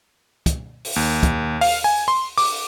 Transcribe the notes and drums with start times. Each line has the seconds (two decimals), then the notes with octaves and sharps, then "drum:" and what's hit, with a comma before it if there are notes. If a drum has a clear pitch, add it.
0.46 drum: kick, hi-hat
0.85 drum: open hi-hat
0.96 D#2
1.23 drum: kick, hi-hat
1.61 F5, drum: open hi-hat
1.84 G#5
2.08 C6
2.38 D6, drum: open hi-hat